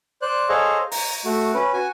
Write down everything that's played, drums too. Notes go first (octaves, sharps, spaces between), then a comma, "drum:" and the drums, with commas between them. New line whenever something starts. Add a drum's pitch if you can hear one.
C5 D5 F#6
G#4 A4 C5 C#5 D#5 F5
A#5, drum: open hi-hat
A3 F#4
C#4 B4
F#4 G#5